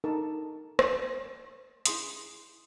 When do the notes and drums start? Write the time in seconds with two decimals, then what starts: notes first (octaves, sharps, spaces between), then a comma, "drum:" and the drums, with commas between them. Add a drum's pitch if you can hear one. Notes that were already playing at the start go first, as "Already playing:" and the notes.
0.04 D#4 A4 A#4 A5 D6
0.79 drum: rim click
1.86 E4 G#4 C6 D#6, drum: hi-hat